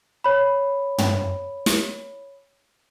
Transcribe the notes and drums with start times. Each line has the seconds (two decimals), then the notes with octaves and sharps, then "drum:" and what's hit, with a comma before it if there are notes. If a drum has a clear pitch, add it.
0.24 C#5 B5
0.98 drum: tom
1.66 drum: snare